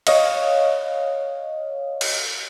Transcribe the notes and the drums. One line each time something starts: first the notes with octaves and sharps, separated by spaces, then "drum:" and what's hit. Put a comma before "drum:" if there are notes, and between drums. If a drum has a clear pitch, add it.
C#5 D#5 F5, drum: cymbal
drum: cymbal